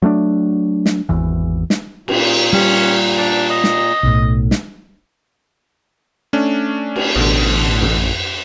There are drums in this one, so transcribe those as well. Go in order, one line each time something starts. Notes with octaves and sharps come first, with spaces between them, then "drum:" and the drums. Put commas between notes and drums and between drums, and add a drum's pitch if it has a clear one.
F#3 A3 C#4 D4
drum: snare
G#1 E2 E3
drum: snare
A#2, drum: cymbal
G3 C#4
D4
D#5
drum: snare
B1 A2
drum: snare
A3 C#4 D4
drum: cymbal
A1 B2 D3
drum: tom